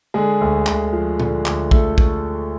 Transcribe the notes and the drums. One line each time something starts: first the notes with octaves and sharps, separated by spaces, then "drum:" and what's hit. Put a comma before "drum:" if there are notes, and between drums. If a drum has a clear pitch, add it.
D3 G#3 G#4
D2
D2, drum: clap
F3
D3, drum: tom
D2, drum: clap
A3 A4, drum: kick
drum: kick